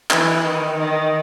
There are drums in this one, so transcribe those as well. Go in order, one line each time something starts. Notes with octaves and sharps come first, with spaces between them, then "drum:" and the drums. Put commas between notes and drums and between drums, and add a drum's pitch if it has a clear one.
E3, drum: clap
D#3
D#3